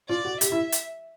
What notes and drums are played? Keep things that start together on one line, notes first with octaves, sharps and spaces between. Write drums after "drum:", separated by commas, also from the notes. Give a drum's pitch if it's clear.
F4 D5
F#4
G4 E5, drum: hi-hat
E4
drum: hi-hat